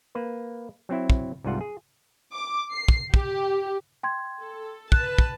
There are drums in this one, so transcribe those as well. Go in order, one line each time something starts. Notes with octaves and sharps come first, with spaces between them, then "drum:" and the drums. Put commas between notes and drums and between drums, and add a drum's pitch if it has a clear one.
A#3 B4
F#3 C4 E4
drum: kick
C2 G#2 G3 F4 F#5
G#4
D6
C7
drum: kick
G4, drum: kick
G5 C6 G#6
A4
B4 A5 F#6, drum: kick
drum: kick